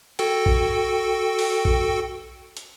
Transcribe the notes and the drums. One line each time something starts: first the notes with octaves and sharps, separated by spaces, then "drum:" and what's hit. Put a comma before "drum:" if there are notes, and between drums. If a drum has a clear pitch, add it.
F#4 A4 G5, drum: cymbal
drum: kick
drum: open hi-hat
drum: kick
drum: hi-hat